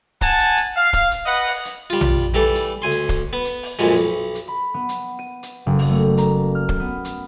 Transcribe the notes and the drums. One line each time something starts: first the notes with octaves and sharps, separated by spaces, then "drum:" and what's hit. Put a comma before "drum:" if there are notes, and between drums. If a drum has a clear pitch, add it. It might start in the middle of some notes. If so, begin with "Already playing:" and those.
F#5 G#5 A5, drum: kick, hi-hat
drum: hi-hat
drum: hi-hat
F5
drum: kick, hi-hat
drum: hi-hat
B4 D#5 F#5
drum: open hi-hat
drum: hi-hat
G3 F4
drum: tom A#1
E3 G3 A3 A4
drum: hi-hat
D2 G#5 C6
drum: hi-hat
drum: kick, hi-hat
B3
drum: hi-hat
drum: open hi-hat
B1 F#2 A#2 F3 G#3, drum: hi-hat
B1, drum: hi-hat
drum: hi-hat
B5
B3
drum: hi-hat
D#7
drum: hi-hat
F#1
drum: open hi-hat
A3
A#5, drum: hi-hat
F6
drum: kick
B3
drum: hi-hat